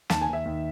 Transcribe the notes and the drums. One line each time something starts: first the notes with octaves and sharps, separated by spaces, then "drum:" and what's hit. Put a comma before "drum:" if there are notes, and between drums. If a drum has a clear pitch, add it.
D#2 A5, drum: snare
G#5
D#2
E5
D#2